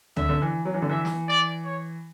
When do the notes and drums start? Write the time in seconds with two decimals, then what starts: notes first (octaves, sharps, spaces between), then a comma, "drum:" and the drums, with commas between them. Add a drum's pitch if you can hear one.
0.16 D3 E5, drum: tom
0.29 D3
0.42 E3
0.65 F#3
0.74 E3
0.82 D3
0.89 E3 E5
1.05 drum: snare
1.28 D5
1.65 C#5